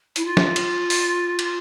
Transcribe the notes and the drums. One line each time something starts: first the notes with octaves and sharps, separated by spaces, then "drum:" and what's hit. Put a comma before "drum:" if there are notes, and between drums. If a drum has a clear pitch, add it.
E4, drum: hi-hat
F4
drum: snare
drum: cymbal
drum: open hi-hat
drum: cymbal